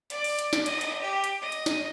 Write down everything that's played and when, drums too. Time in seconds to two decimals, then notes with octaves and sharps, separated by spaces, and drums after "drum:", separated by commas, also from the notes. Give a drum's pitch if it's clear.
0.10 D5, drum: hi-hat
0.24 drum: open hi-hat
0.39 drum: hi-hat
0.53 drum: snare
0.66 D#5, drum: hi-hat
0.81 drum: hi-hat
1.01 G4
1.24 drum: hi-hat
1.42 D#5
1.52 drum: hi-hat
1.66 drum: snare